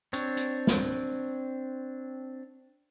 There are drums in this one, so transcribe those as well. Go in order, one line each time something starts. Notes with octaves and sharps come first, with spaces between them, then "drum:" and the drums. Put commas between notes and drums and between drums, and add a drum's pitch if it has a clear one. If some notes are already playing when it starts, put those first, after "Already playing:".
C4 D4 C#5, drum: hi-hat
drum: hi-hat
drum: snare